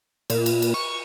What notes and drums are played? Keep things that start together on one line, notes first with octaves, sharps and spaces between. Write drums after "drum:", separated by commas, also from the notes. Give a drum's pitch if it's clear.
A#2, drum: cymbal
drum: cymbal
drum: cymbal
C#6